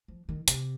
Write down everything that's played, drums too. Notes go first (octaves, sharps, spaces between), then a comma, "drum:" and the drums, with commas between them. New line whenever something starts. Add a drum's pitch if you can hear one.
F3
D#3
C3, drum: hi-hat